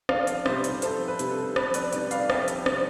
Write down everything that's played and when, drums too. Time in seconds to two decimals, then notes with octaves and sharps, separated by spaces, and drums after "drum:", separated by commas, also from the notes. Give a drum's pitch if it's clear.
0.09 F2 D5 F5, drum: rim click
0.27 drum: hi-hat
0.46 C3 G3 C5 E5, drum: rim click
0.64 drum: hi-hat
0.82 F2 A4 C5, drum: hi-hat
1.08 B4
1.19 C3 G3, drum: hi-hat
1.31 A4
1.56 F2 B4, drum: rim click
1.74 B4 D5, drum: hi-hat
1.93 C3 G3 B4 D5, drum: hi-hat
2.11 D5 F5, drum: hi-hat
2.30 F2 E5 G5, drum: rim click
2.48 drum: hi-hat
2.66 C3 G3, drum: rim click